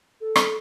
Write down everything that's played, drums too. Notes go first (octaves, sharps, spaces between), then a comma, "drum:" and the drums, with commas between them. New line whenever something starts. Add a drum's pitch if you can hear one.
A4
drum: rim click